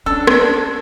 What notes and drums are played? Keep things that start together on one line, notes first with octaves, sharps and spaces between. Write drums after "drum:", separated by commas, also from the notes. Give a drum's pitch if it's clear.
C#4 D4 A4 E6
drum: rim click